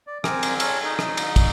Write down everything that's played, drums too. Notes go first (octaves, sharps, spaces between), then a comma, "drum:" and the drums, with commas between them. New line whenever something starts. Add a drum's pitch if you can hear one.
D5
C4 A#4 G#5 D6, drum: rim click
drum: cymbal
A4 A#4 C#5 G#5 E6, drum: cymbal
D#4
drum: rim click
drum: cymbal
drum: kick, cymbal